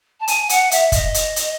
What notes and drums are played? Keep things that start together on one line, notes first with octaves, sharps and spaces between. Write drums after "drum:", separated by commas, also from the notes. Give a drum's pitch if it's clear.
A5
G#5, drum: hi-hat
F#5, drum: hi-hat
E5, drum: hi-hat
D#5, drum: kick, hi-hat
drum: hi-hat
drum: hi-hat